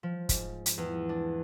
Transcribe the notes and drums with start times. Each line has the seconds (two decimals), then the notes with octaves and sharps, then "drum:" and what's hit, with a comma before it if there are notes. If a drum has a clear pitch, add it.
0.03 F3
0.29 G#2, drum: kick, hi-hat
0.66 drum: hi-hat
0.78 E2
1.09 D4